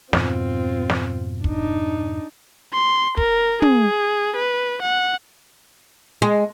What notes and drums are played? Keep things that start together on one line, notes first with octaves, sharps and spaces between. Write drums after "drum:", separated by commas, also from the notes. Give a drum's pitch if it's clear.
F2 G#2 B2 C4 F4, drum: snare
drum: snare
D4 D#4, drum: kick
C6
A#4, drum: kick
G#4, drum: tom
B4
F#5
G#3